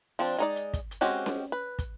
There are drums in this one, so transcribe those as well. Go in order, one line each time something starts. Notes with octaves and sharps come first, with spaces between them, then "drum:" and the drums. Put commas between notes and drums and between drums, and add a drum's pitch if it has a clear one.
F3 C4 D4
G#3 D#4 D5, drum: hi-hat
drum: hi-hat
drum: kick, hi-hat
drum: hi-hat
G#3 C4 C#4 F#4 G4
drum: snare C#4
B4
drum: kick, hi-hat